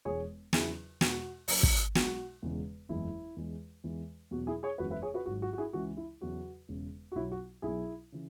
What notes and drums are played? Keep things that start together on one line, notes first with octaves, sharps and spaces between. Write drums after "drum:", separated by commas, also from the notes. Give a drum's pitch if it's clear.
E1 E2 E3 G#3 G#4 C#5
E2 C#3 F#3 E4 G#4, drum: snare
E2 B2 G#3 F#4, drum: snare
F#1 F#2 F#3, drum: open hi-hat
drum: kick
B1 B2 G#3 F#4, drum: snare
E1 E2 C#3 E3 G#3
F#1 E2 E3 G#3 E4
E2 E3 G#3
E2 E3 G#3
E2 B2 F#3 F#4
E4 G#4
G#4 C#5
F#1 E2 C#3 E3 G#3 F#4 B4
B4 E5
G#4 C#5
F#4 B4
G#1 G#2 F#3 F#4
F#4
F#4
E4 G#4
C#2 C#3 E3 G#3 F#4
E4
E2 C#3 F#3 F#4
E1 E2 C#3
F#4
B1 B2 F#3 E4
F#4
B1 B2 F#3 E4 G#4
C#3 E3